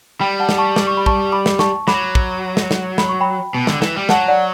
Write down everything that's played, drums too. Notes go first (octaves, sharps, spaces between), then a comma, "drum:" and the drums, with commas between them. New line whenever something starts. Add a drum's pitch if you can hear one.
G3 G5 B5
F#5 A5
drum: snare
A5 C#6
D6, drum: snare
C#6
B5
A5 C#6, drum: kick
B5 D6
drum: snare
A5 C#6, drum: snare
F#3 B5 D6, drum: snare
drum: kick
drum: snare
drum: snare
B5, drum: snare
C#6
G5 B5
B2
D3, drum: snare
E3, drum: snare
G3
F#3 F#5 A5, drum: snare
D5 F#5